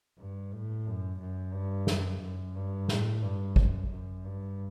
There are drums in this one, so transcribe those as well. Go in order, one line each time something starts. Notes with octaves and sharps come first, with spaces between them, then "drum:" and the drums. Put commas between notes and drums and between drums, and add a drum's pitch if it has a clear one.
G2
A2
F#2
F#2
G2
F#2, drum: snare
F#2
G2
A2, drum: snare
G2
F#2, drum: kick
F#2
G2